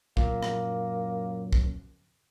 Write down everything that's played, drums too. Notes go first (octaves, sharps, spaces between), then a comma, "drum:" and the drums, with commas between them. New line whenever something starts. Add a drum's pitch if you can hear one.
F#2 A#2 A#3, drum: kick
drum: rim click
drum: kick